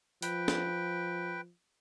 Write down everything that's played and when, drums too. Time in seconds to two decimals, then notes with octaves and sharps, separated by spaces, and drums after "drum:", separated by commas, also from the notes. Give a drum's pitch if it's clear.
0.22 F3 B4 G5, drum: hi-hat
0.48 drum: snare